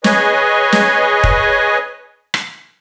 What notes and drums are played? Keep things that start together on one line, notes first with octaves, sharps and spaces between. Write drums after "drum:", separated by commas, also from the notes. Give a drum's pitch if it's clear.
G#4 B4 C#5 D#5 G#5, drum: snare
drum: snare
drum: kick
drum: rim click